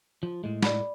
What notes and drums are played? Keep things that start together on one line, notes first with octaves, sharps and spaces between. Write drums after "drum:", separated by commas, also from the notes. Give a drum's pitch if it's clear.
F3
A2 G#3
D5 B5, drum: snare